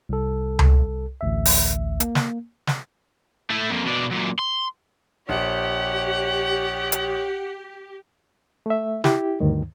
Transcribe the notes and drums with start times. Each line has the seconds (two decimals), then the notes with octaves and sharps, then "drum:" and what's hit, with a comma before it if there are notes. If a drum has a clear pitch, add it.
0.09 C2 A4
0.59 drum: tom C#2
1.21 A1 D2 E5
1.45 drum: open hi-hat
2.00 A#3, drum: hi-hat
2.15 drum: snare
2.67 drum: snare
3.50 A3 E4
3.71 F2 A#2
3.86 B2 D4
4.11 F#2 A#2
4.39 C6
5.29 A#1 G4 C#5 F#5
6.92 drum: hi-hat
8.66 A3 E5
9.04 E4 G4, drum: snare
9.40 D2 G2 D#3